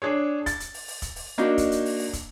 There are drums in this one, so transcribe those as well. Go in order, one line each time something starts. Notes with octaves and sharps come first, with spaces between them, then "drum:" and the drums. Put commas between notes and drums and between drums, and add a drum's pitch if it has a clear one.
D4 G#4 C#5
A6, drum: kick, hi-hat
drum: hi-hat
drum: open hi-hat
drum: open hi-hat
drum: kick, hi-hat
drum: open hi-hat
A#3 D4 D#4 F#4
drum: kick, hi-hat
drum: hi-hat
drum: open hi-hat
drum: open hi-hat
drum: kick, hi-hat